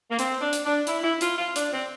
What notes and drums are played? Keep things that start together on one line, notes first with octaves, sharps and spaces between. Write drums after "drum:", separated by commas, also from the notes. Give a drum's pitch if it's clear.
A#3
C4, drum: hi-hat
D4
drum: hi-hat
D4
E4, drum: hi-hat
E4
F4, drum: hi-hat
F4
D4, drum: hi-hat
C4